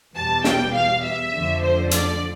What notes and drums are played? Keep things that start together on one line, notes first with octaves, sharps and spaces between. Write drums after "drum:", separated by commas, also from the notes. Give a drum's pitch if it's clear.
E2 B2 G3 A5
G5, drum: snare
F5
E5
F2 D3 F3 A3
C5
D5, drum: hi-hat